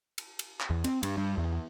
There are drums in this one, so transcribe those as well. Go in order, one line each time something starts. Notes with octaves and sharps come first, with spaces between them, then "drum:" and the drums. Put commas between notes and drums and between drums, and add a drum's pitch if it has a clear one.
drum: cymbal
drum: cymbal
drum: clap
E2
C4, drum: cymbal
G2, drum: cymbal
G2
E2